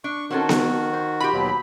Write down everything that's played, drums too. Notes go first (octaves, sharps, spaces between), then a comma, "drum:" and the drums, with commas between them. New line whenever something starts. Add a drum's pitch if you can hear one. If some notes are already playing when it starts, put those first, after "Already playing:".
D4 C#6
D#3 C4 C#4 F#4 A4
drum: snare B3
C5
F4 G4 B5
D#2 B2 F#3